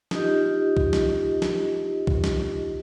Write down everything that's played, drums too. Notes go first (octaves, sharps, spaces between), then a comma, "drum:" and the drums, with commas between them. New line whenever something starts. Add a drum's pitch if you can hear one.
D#4 F4 G4 D#5, drum: snare
drum: kick C2
drum: snare
drum: snare
drum: kick C2
drum: snare